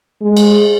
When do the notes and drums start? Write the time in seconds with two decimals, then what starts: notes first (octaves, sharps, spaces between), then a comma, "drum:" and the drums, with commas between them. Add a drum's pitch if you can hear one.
0.22 G#3
0.37 drum: cymbal